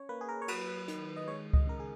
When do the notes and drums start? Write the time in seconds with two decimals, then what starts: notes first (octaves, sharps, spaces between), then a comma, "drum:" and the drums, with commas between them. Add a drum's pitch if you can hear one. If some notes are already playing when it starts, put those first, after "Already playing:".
Already playing: C#4 C#5
0.09 A#3 B4
0.21 G#4
0.29 A#4
0.42 C#5
0.48 F#3 B4, drum: cymbal
0.88 D#3, drum: hi-hat
1.17 D#5
1.28 G#3 C#5
1.53 D#5, drum: kick C#2
1.66 C#3 A#4
1.80 G#4